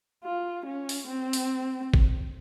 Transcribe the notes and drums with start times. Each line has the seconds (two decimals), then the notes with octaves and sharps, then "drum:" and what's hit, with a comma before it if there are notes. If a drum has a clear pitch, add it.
0.24 F4
0.66 C#4
0.89 drum: open hi-hat
1.07 C4
1.33 drum: open hi-hat
1.94 drum: kick G#1